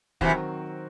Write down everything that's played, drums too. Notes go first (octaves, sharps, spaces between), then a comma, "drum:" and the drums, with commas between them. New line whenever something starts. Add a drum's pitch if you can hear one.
C3 D#3 E3 F#3 C4 F#4, drum: kick